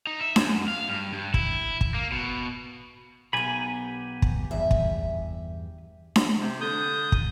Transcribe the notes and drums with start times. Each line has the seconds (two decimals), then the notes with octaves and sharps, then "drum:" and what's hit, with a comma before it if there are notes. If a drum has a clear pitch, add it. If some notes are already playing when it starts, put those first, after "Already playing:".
0.07 D#4
0.21 E5
0.36 F#2, drum: snare D4
0.68 F5
0.89 G2
1.13 G2
1.34 E4, drum: kick
1.81 drum: kick
1.94 A#3
2.12 B2
3.33 B1 B3 G4 A#4 G#5 B5
4.22 drum: kick
4.51 E2 G2 E5
4.71 drum: kick
6.16 drum: snare D4
6.36 C3
6.61 D3 D#6 G6
7.12 drum: kick